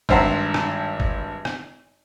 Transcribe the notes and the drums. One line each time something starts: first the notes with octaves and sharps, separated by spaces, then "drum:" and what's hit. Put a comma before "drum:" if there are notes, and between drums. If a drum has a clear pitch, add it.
G#1 G2 C5 E5 F#5 A#5, drum: kick
drum: rim click
drum: kick
drum: rim click